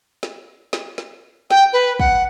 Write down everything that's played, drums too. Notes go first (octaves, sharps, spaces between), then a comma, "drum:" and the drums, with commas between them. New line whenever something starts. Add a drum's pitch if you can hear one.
drum: snare
drum: snare
drum: snare
G5, drum: snare
B4
F#5, drum: kick